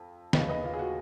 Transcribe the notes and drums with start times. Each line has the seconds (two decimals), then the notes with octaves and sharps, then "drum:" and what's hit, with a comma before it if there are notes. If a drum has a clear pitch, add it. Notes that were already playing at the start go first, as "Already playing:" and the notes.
Already playing: F2
0.33 F1 D#2 C#3 B4 D#5, drum: snare
0.49 B4 D#5
0.64 F4
0.74 G#4
0.79 F#4